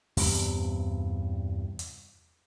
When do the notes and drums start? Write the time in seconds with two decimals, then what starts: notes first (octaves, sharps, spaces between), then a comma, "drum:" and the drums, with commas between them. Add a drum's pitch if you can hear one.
0.17 E2 G2 C3, drum: open hi-hat
1.79 drum: hi-hat